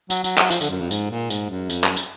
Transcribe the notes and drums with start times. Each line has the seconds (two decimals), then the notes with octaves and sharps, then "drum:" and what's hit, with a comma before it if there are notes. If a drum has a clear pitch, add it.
0.10 F#3, drum: tambourine
0.24 F#3, drum: tambourine
0.38 F#3, drum: clap
0.51 F3, drum: tambourine
0.61 D3, drum: tambourine
0.70 F#2
0.81 F2
0.91 G#2, drum: tambourine
1.11 A#2
1.30 G#2, drum: tambourine
1.50 F#2
1.70 F2, drum: tambourine
1.84 F#2, drum: clap
1.96 drum: tambourine